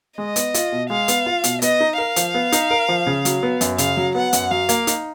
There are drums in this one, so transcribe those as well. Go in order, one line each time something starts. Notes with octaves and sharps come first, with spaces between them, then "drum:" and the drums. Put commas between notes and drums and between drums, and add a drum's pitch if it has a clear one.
G#3 D#5
B3, drum: hi-hat
F4, drum: hi-hat
B2
G#3 F5
B3, drum: hi-hat
F4
B2, drum: hi-hat
B3 D#5, drum: hi-hat
D#4
A#4 F5
F3, drum: hi-hat
B3
D#4, drum: hi-hat
A#4
F3
C#3
F#3, drum: hi-hat
B3
F#2, drum: hi-hat
C#3 F5, drum: hi-hat
F#3
B3 F#5
F#2, drum: hi-hat
F#3 F5
A#3, drum: hi-hat
D#4, drum: hi-hat